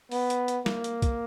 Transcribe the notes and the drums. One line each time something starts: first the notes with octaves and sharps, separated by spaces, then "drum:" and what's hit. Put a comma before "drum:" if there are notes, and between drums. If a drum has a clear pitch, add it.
B3, drum: open hi-hat
drum: hi-hat
drum: hi-hat
A#3, drum: snare
drum: hi-hat
drum: kick B1, hi-hat